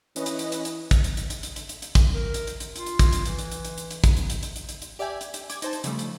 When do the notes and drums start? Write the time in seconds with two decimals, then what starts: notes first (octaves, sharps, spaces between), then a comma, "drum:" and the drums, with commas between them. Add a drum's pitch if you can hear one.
0.16 E3 C#4 B4 D#5, drum: hi-hat
0.26 drum: hi-hat
0.39 drum: hi-hat
0.52 drum: hi-hat
0.65 drum: hi-hat
0.91 drum: kick, hi-hat
1.04 drum: hi-hat
1.17 drum: hi-hat
1.30 drum: hi-hat
1.43 drum: hi-hat
1.56 drum: hi-hat
1.69 drum: hi-hat
1.82 drum: hi-hat
1.95 drum: kick, hi-hat
2.14 A#4
2.34 drum: hi-hat
2.47 drum: hi-hat
2.60 drum: hi-hat
2.76 F4, drum: hi-hat
2.86 drum: hi-hat
2.99 drum: kick, hi-hat
3.12 drum: hi-hat
3.25 E3, drum: hi-hat
3.39 drum: hi-hat
3.52 drum: hi-hat
3.65 drum: hi-hat
3.78 drum: hi-hat
3.91 drum: hi-hat
4.04 drum: kick, hi-hat
4.17 drum: hi-hat
4.30 drum: hi-hat
4.43 drum: hi-hat
4.56 drum: hi-hat
4.69 drum: hi-hat
4.82 drum: hi-hat
4.99 G4 D5 E5 G5 G#5
5.21 drum: hi-hat
5.34 drum: hi-hat
5.50 D6 G#6, drum: hi-hat
5.62 D#4 C5 A5, drum: hi-hat
5.73 drum: hi-hat
5.84 C#3 F3 G3 A3, drum: hi-hat
5.99 drum: hi-hat